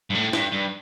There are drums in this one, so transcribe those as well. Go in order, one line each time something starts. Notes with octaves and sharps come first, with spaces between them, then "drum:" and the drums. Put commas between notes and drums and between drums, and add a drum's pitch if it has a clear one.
G2
A2
G2, drum: snare
G2